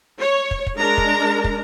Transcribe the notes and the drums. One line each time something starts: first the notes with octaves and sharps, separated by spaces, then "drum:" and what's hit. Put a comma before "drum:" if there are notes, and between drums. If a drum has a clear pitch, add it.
C#5
drum: kick
drum: kick
G#3 D4 A#4 A#5
drum: kick
drum: kick